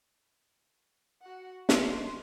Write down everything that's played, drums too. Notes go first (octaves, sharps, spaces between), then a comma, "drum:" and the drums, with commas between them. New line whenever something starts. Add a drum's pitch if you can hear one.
F#4 F#5
C6, drum: snare